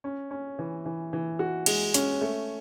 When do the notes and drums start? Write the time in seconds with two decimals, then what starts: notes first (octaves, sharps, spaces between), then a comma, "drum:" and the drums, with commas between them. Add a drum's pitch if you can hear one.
0.04 C#4
0.31 C#4
0.59 E3
0.85 E3
1.13 E3
1.39 F#4
1.66 G#3, drum: cymbal
1.94 C#4, drum: hi-hat
2.21 A3